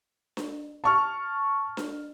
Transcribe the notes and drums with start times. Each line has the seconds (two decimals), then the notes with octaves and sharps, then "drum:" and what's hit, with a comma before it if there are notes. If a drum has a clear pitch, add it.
0.37 drum: snare D4
0.84 A5 C#6 F6
1.77 drum: snare D4